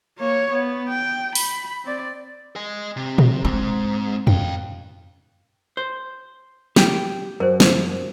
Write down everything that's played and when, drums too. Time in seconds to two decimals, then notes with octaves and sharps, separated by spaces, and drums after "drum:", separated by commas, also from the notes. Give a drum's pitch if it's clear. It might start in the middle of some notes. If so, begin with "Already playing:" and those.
0.19 A#3 C#5
0.50 B3
0.88 G5
1.35 B5, drum: open hi-hat
1.84 C4 D5
2.56 D#5 G#5
2.97 C3
3.18 drum: tom A#2
3.45 G#2 C4
4.27 F5 G5, drum: tom F2
5.77 C5
6.76 G4 G5, drum: snare
7.40 F#2 A#4 C5
7.60 drum: snare